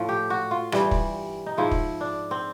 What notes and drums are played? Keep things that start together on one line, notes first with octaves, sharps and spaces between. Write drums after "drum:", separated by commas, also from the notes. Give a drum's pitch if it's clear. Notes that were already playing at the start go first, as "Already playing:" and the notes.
Already playing: A2 F3
G4
F#4
F4
G2 E3 G3, drum: rim click
drum: kick
D#4
G#2 F3 E4
drum: kick
D4
C4